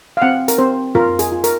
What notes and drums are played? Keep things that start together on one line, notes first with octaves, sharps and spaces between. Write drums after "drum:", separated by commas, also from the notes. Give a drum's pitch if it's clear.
F5
C4 F#5
A#4, drum: hi-hat
C4 C5
F4 A#4, drum: tom
G#4, drum: hi-hat
F4
A#4, drum: hi-hat